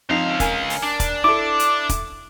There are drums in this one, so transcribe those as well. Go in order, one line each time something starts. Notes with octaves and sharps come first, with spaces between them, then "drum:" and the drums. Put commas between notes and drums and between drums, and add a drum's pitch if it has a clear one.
C#2 F3 C4 D#4 F5
A#4 G#5, drum: kick, hi-hat
drum: open hi-hat
D4
drum: kick, hi-hat
E4 A4 D6
drum: hi-hat
drum: kick, hi-hat